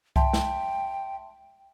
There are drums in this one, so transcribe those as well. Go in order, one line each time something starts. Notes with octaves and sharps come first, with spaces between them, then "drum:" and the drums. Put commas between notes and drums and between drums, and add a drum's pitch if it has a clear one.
E5 G5 A5 C6, drum: kick C2
drum: snare